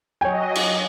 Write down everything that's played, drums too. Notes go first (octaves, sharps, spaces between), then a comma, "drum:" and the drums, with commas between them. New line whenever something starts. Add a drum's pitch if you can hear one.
F#3 C#5 D#5 G5 G#5
drum: cymbal